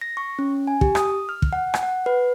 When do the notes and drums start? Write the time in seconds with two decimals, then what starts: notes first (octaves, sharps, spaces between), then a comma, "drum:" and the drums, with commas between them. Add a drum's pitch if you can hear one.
0.01 A#6
0.17 C#6
0.39 C#4
0.67 G#5
0.81 G4, drum: kick
0.95 D#6, drum: rim click
1.29 F6
1.42 drum: kick
1.53 F#5
1.74 drum: rim click
1.83 F#5
2.06 B4